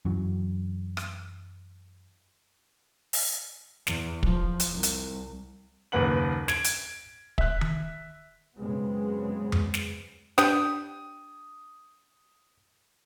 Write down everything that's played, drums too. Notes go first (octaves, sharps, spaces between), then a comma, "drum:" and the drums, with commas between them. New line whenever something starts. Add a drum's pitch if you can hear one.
F#2 E3 F#3
drum: rim click
drum: open hi-hat
E2, drum: snare
F3, drum: kick
drum: hi-hat
C2
drum: hi-hat
F#1 D#2 A#3 B4 F#5 F#7
G#6 D7, drum: snare
drum: hi-hat
E5 F#6, drum: kick
drum: tom D#3
F#2 C#3 G#3 B3 C4
drum: tom F2
drum: snare
D4 G4 G5 D#6, drum: snare